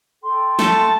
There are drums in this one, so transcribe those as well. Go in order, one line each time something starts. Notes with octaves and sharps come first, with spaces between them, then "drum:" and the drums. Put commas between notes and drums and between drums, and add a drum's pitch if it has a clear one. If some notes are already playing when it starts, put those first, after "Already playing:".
A4 G5 C6
A3 A5, drum: snare